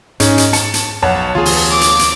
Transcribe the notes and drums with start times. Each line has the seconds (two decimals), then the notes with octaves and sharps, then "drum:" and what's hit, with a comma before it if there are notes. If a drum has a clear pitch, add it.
0.20 G#2 C#4 D#4 G#4, drum: hi-hat
0.38 drum: hi-hat
0.53 A5 C#7, drum: hi-hat
0.74 drum: hi-hat
1.02 B1 F2 C#5 F#5 A5
1.35 D2 E3 B3 F4 G#4
1.45 drum: open hi-hat
1.71 D6
1.81 drum: hi-hat
1.99 drum: hi-hat